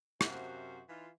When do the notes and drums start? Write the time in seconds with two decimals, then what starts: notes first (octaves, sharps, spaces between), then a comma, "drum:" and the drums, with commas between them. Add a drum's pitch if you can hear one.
0.21 F#2 C3 F#4 C5 F5, drum: rim click
0.88 E3 D#4 F4